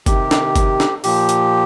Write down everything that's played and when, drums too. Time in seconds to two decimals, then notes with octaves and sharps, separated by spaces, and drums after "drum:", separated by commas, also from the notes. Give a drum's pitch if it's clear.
0.06 C3 D#3 G4, drum: kick, hi-hat
0.31 drum: snare
0.56 drum: kick, hi-hat
0.80 drum: snare
1.04 A#2 F3 G4, drum: open hi-hat
1.29 drum: hi-hat